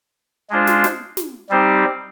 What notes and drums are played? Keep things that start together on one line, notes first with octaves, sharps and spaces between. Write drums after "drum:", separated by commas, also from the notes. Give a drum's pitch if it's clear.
G#3 D4 F4 C5
drum: snare
drum: snare
drum: snare
G3 C4 D#4 G4 C5